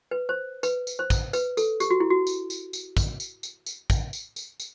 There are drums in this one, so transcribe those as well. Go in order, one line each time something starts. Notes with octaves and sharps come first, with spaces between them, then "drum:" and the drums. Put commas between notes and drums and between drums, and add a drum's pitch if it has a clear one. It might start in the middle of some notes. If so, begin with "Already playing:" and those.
B4
C5
B4, drum: tambourine
drum: tambourine
C5
drum: kick, tambourine
B4, drum: tambourine
A4, drum: tambourine
G4, drum: tambourine
F#4
E4
F#4
drum: tambourine
drum: tambourine
drum: tambourine
drum: kick, tambourine
drum: tambourine
drum: tambourine
drum: tambourine
drum: kick, tambourine
drum: tambourine
drum: tambourine
drum: tambourine